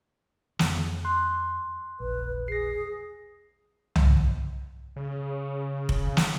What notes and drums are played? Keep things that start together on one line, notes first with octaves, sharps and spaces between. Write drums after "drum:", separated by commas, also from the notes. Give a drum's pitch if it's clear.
F2 B3, drum: snare
C6 F#6
E1 A#1 B4
G#4 A#6 C7
drum: tom
C#3
drum: kick F1
drum: snare